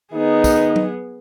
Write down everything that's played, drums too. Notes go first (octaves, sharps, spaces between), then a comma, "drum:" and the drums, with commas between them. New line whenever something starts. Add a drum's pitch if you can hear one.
D#3 B3 D#4 G#4
drum: kick, tambourine
drum: tom F#3